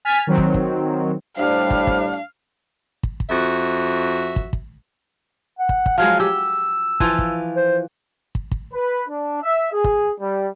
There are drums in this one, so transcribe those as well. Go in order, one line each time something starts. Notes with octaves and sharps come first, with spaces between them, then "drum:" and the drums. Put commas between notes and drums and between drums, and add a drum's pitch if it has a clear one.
G#5 F6 A6 B6
D#3 F#3 C4
drum: kick
drum: kick
A2 G3 D4 C5 F5
drum: kick
drum: kick
drum: kick
drum: kick
F2 F#4 E5
drum: kick
drum: kick
F#5
drum: kick
drum: kick
F3 F#3 G#3 F5
G4 E6
E3 F3 F4, drum: kick
drum: kick
C5
drum: kick
drum: kick
B4
D4
E5
G#4
drum: kick
G3